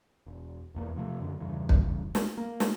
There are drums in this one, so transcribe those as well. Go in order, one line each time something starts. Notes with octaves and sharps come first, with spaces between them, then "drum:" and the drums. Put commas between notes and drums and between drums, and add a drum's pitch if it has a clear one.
E1
E1 E2 A#3
C3 F3 A3
F#2 D3
E2 G2 C#3 E3
drum: kick
drum: snare
A#3
drum: snare